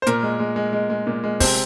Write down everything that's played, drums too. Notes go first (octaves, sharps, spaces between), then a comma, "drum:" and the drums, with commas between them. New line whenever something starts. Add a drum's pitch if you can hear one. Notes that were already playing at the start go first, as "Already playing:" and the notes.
C5
A#2 A#4, drum: hi-hat
G#3
G#3
G#3
G#3
G#3
A#2
G#3
C3 C5, drum: kick, open hi-hat